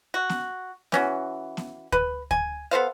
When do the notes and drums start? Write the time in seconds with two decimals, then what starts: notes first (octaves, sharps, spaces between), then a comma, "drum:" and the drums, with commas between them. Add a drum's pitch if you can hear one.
0.14 F#4
0.29 drum: snare B3
0.92 E3 C#4 F#4, drum: snare B3
1.57 drum: snare B3
1.92 B4, drum: kick D2
2.31 G#5, drum: kick D2
2.71 B3 A4 C5 F5